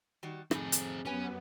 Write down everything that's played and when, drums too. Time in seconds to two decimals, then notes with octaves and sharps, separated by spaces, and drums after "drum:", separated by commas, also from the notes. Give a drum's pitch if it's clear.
0.23 D#3 G3 F#4
0.51 F2 C#3 A3 C4 D#4 G#4, drum: rim click
0.72 drum: hi-hat
1.05 F#2 B3 C#4 G4 B4 G#5